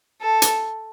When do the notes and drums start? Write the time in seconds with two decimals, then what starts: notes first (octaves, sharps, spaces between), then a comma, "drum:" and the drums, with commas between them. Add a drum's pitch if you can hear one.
0.22 A4
0.42 drum: hi-hat